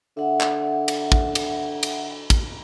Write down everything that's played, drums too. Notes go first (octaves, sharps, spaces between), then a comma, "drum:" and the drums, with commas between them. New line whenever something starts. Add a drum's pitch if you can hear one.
D3 E5 F#5
drum: clap
drum: cymbal
drum: kick
drum: cymbal
drum: cymbal
drum: kick, cymbal